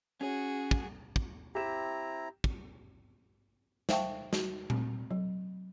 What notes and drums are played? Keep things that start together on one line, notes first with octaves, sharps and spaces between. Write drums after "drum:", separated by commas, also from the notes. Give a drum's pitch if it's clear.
C#4 F#4 G#4
drum: kick
drum: kick
C4 E4 G4 A#5 E7
drum: kick
C5 E5 F5 G5 A5 C#6, drum: snare
F#4, drum: snare
C4, drum: tom A#2
F#3